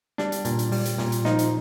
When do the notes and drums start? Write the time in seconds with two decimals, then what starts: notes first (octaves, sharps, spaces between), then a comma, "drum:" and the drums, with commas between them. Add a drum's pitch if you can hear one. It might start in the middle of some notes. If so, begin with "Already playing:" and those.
0.18 G3 D4, drum: snare
0.32 drum: hi-hat
0.45 A#2, drum: hi-hat
0.59 drum: hi-hat
0.72 G3, drum: open hi-hat
0.85 drum: hi-hat
0.98 A#2, drum: snare
1.12 drum: hi-hat
1.25 F3 D#4, drum: snare
1.39 drum: hi-hat